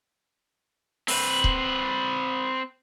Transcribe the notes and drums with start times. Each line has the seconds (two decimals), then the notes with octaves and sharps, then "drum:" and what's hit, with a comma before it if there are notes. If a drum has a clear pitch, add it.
1.08 C4 B4, drum: open hi-hat
1.44 drum: kick C#1